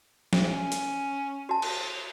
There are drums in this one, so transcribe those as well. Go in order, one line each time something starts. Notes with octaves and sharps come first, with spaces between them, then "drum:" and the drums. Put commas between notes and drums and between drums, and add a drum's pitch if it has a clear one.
drum: snare
C#4
drum: hi-hat
F#4 A5
drum: cymbal